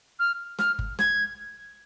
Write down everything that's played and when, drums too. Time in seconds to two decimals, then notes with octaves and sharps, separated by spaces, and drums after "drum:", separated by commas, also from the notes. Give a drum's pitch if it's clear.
0.19 F6
0.59 F6, drum: snare
0.79 drum: kick G1
0.99 G#6, drum: snare